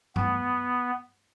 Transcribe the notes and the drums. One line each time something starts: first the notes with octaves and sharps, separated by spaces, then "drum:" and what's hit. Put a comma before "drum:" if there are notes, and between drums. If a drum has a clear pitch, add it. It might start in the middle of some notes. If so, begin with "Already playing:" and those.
B3, drum: tom G2